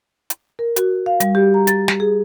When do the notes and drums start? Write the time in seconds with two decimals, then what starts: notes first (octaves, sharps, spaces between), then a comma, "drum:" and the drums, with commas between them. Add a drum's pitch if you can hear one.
0.30 drum: hi-hat
0.59 A#4
0.76 F#4, drum: hi-hat
1.06 F5
1.20 G3, drum: hi-hat
1.35 G4
1.54 A#5
1.67 A6, drum: hi-hat
1.88 drum: snare
2.00 G#4